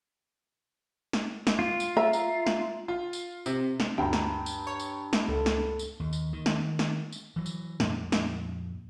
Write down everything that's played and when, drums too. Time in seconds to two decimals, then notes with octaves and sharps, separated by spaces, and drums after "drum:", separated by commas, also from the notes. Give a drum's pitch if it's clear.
1.13 drum: snare
1.47 drum: snare
1.59 F4
1.80 drum: tambourine
1.97 E5 A#5
2.13 drum: tambourine
2.47 drum: snare
2.88 F4
3.13 drum: tambourine
3.46 C3, drum: tambourine
3.80 drum: snare
3.98 D2 G2 G5 A#5
4.13 drum: snare
4.46 drum: tambourine
4.67 C#5
4.80 drum: tambourine
5.13 drum: snare
5.28 C#2 A4
5.46 drum: snare
5.79 drum: tambourine
6.00 D#2
6.13 drum: tambourine
6.33 D#3
6.46 drum: snare
6.79 drum: snare
7.12 drum: tambourine
7.36 E3 F#3
7.46 drum: tambourine
7.80 F2 A#2, drum: snare
8.12 drum: snare